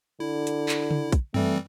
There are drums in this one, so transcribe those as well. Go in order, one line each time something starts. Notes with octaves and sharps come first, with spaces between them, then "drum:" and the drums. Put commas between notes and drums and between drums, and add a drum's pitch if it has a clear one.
D3 E4
drum: hi-hat
drum: clap
drum: tom C#3
drum: kick, hi-hat
E3 G3 A3 C4, drum: tom F#2